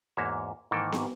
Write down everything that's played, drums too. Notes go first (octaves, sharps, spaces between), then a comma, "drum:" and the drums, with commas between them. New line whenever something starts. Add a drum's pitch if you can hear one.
E2 G#2 A#3 F#4 C#5 E5
G#2 D#3 E3 A#3 A4 G5
drum: snare